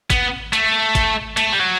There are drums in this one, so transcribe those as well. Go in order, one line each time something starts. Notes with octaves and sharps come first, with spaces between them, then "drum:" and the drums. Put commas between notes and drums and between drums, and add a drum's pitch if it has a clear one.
B3, drum: kick G1, hi-hat
A3, drum: hi-hat
drum: kick G1, hi-hat
A3, drum: hi-hat
G3
F#3